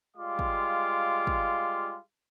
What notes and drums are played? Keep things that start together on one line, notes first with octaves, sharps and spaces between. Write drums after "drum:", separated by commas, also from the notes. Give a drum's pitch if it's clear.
G3 G#3 F4 F5 D6
drum: kick
drum: kick